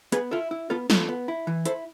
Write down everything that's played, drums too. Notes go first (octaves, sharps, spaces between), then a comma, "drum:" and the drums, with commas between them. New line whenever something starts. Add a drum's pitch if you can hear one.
B3 G#4 B4, drum: hi-hat
E4 F4 A4
E4
B3 F4 A4
B3 F4 A4, drum: snare
B3
E4
E3
E4 A4 C5, drum: hi-hat